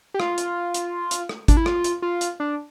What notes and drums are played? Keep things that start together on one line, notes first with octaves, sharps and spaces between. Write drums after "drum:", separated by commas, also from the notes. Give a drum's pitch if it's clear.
G4
F4, drum: rim click
drum: hi-hat
drum: hi-hat
drum: hi-hat
drum: rim click
D4, drum: kick G#1, hi-hat
E4
F4, drum: rim click
drum: hi-hat
F4
drum: hi-hat
D4